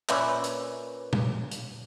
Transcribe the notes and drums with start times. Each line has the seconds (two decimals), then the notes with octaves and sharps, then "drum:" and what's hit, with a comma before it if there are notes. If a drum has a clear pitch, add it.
0.09 A#2 C#4 B4 C#5 D5 E5, drum: clap
0.44 drum: hi-hat
1.13 drum: tom A#2
1.51 drum: hi-hat